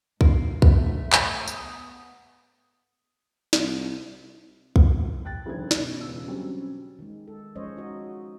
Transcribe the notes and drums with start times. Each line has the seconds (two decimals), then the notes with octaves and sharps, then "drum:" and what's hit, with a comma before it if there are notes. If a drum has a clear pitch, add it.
0.21 G#2 D4 D#4 F5, drum: kick
0.62 A3 E5, drum: kick
1.13 drum: clap
1.48 B3 F#5 D#6, drum: tambourine
3.53 C2, drum: snare
4.76 drum: kick
5.25 G5 F#6 A6
5.46 F#1 D2 G#2 E3 G#6
5.71 B2 D#3 C#4, drum: snare
6.01 E1 C#3 F4 E6
6.27 D3 F#3 G3 C4 C#4
6.99 D#3 G#3
7.28 A4
7.56 F3 G#3 C#4 C5 C#5 D#5
7.77 D#4 F#4 D#5